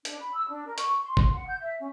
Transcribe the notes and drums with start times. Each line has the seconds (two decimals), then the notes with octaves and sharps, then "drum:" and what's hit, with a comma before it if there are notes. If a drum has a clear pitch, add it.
0.05 D4, drum: hi-hat
0.19 B5
0.34 E6
0.47 D4
0.66 A#4
0.78 C#6, drum: hi-hat
1.01 C6
1.17 C6, drum: kick G1
1.33 F#5
1.47 G6
1.60 E5
1.79 C#4